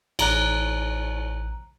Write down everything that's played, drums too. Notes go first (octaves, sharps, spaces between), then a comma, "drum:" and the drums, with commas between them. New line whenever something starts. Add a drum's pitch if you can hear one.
A1 A#5 F#6, drum: cymbal